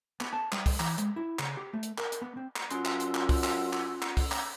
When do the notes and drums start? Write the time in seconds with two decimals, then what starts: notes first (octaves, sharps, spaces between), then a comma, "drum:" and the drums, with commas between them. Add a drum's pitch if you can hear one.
0.21 B3, drum: clap
0.33 A5
0.52 G3, drum: clap
0.66 drum: kick C2, open hi-hat
0.80 E3, drum: clap
0.98 G#3, drum: hi-hat
1.16 E4
1.39 C#3, drum: clap
1.57 G4
1.73 A3
1.83 drum: hi-hat
1.98 A#4, drum: clap
2.12 drum: hi-hat
2.22 B3
2.37 C4
2.56 drum: clap
2.70 F#2 C#4 F4 F#5 C6 E6, drum: hi-hat
2.85 drum: clap
3.00 drum: hi-hat
3.15 drum: clap
3.29 drum: kick C2, open hi-hat
3.44 drum: clap
3.73 drum: clap
4.02 drum: clap
4.17 drum: kick C2, open hi-hat
4.32 drum: clap